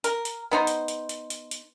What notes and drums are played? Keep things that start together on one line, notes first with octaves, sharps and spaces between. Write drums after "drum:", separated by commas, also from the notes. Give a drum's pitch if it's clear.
A#4, drum: hi-hat
drum: hi-hat
B3 D#4 C5
drum: hi-hat
drum: hi-hat
drum: hi-hat
drum: hi-hat
drum: hi-hat